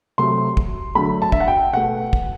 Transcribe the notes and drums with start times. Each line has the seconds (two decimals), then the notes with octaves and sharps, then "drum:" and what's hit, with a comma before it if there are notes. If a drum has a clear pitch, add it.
0.18 C3 F#3 A3 C6
0.57 drum: kick
0.95 D3 F#3 A3 B5
1.22 A5
1.32 E5, drum: kick
1.40 F#5
1.48 G5
1.73 B2 A3 F#5
2.13 drum: kick